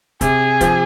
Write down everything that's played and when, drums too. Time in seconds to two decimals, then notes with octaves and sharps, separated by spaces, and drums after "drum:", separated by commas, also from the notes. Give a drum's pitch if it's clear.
0.21 C3 G#4, drum: kick, hi-hat
0.61 F3, drum: kick, hi-hat